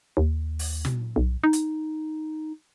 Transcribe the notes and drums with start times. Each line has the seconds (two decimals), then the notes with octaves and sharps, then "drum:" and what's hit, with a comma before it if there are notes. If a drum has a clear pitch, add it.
0.17 D#2
0.59 drum: open hi-hat
0.85 drum: tom
1.16 B1
1.44 D#4
1.53 drum: hi-hat